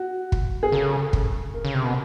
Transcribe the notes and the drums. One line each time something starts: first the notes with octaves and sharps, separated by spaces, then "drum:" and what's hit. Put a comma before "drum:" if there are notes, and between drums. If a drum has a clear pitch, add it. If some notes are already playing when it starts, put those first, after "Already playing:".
Already playing: F#4
drum: kick
G#4
C#3 A4
drum: kick
A#4
C#3
C3
B2